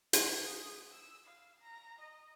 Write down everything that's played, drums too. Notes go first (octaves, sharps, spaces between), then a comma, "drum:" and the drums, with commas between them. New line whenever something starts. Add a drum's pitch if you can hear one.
G#5, drum: hi-hat
D#6
E6
F5
A#5
D#5